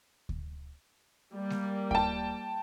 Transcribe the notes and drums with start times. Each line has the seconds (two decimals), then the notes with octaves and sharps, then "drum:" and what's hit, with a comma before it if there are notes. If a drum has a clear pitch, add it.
0.29 drum: kick D2
1.33 G3 A#3
1.50 drum: snare G#3
1.91 G5 A5, drum: kick D2